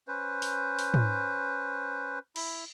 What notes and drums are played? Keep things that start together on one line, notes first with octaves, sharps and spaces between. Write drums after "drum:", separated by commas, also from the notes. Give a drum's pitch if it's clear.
C#4 B4 C5
drum: open hi-hat
drum: open hi-hat
drum: tom
E4 B5, drum: cymbal